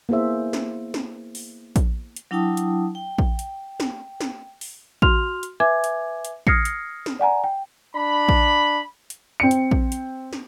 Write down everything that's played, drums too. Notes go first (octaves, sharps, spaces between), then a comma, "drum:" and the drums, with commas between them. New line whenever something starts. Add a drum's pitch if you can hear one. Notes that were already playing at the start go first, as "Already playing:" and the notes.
A#3 B3 E4 G#4 C5 E5
drum: snare
drum: snare
drum: open hi-hat
drum: kick A#1, hi-hat
drum: hi-hat
F#3 D4 E4 G5 A5 D#6
drum: hi-hat
G5
drum: kick A#1
drum: hi-hat
drum: snare
drum: snare
drum: open hi-hat
F#4 C6 F6 F7, drum: kick A#1
drum: hi-hat
B4 E5 G#5 D6 G#6
drum: hi-hat
drum: hi-hat
D#6 F6 G#6 A#6 C7 C#7, drum: kick A#1
drum: hi-hat
drum: snare
D5 F#5 G#5 A#5
G5
D4 B5
drum: kick A#1
drum: hi-hat
C4 C#7
drum: hi-hat
drum: kick A#1
drum: hi-hat
drum: snare